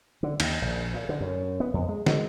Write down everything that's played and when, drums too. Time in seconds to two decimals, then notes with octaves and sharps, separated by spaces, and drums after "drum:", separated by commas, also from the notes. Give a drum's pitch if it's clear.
0.23 D3
0.40 D#2, drum: cymbal
0.62 A#1
0.94 A#2
1.09 D3
1.21 F#2
1.60 B3
1.74 F2
1.89 G#3
2.06 G#3, drum: snare